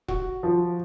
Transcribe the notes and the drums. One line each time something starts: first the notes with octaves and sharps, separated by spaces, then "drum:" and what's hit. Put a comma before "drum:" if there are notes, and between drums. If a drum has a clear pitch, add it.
F#4, drum: kick E1
F3